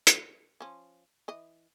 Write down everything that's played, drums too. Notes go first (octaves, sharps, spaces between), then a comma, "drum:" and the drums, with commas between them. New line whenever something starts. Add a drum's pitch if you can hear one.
drum: hi-hat
F3 C#4
E3 D#5